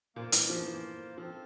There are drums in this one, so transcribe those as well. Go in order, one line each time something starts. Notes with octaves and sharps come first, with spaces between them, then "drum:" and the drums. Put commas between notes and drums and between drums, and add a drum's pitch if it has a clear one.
A#2 A#3 F4 C5
E3, drum: hi-hat
F3
E3
F3 C4 F4 A4